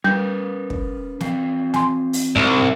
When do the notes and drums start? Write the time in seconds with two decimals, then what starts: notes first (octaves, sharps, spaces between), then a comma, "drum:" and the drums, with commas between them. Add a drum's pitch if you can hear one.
0.04 G3 C#4 A#4 B4 G6
0.70 drum: kick
1.20 E3 C4 F5, drum: snare
1.74 G#5 C6, drum: snare
2.13 drum: open hi-hat
2.36 C2 G#2